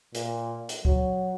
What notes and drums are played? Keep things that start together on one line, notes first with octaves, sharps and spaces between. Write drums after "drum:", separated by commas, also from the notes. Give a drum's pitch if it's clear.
A#2, drum: hi-hat
drum: hi-hat
F#3, drum: kick C#2